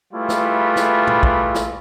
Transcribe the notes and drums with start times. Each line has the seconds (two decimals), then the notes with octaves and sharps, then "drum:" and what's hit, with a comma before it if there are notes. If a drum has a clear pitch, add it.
0.13 G3 A3 E4 F4 G#4 B4
0.29 drum: snare
0.76 drum: snare
1.07 drum: tom A2
1.23 drum: kick
1.54 drum: snare